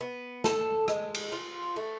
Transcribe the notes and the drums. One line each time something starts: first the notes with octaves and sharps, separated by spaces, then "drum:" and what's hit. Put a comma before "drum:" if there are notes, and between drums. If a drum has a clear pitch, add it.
B3
A4, drum: snare
G#3, drum: rim click
drum: cymbal
F4
A3